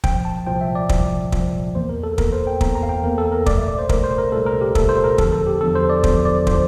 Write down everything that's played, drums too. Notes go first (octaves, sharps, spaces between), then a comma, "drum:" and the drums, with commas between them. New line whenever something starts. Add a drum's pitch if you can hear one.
C2 A#2 F3 G5, drum: kick
A5
C2 A#2 F3 G5
E5
D5
C2 A#2 F3, drum: kick
C2 A#2 F3, drum: kick
E2 E3 A#3 C5
A#4
A4
E2 E3 A#3 A#4, drum: kick
C5
G5
E2 E3 A#3 A#5, drum: kick
A#5
F5
G5
E2 E3 A#3 A#4
A4
A#4
C2 A#2 A3 D5, drum: kick
E5
D5
C5
C2 A#2 A3 A#4, drum: kick
C5
A#4
C2 A#2 A3 A4
A#4
G4
C2 A#2 A3 A4, drum: kick
C5
A#4
E2 D3 F3 A4, drum: kick
A4
G4
E2 D3 F3 A4
C5
D5
E2 D3 F3 C5, drum: kick
D5
D3 F3 C5, drum: kick